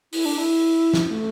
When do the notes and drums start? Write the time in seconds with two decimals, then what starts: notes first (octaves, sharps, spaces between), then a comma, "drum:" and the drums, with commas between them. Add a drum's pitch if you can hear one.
0.13 E4, drum: open hi-hat
0.25 D4
0.38 E4
0.94 drum: snare
1.09 A3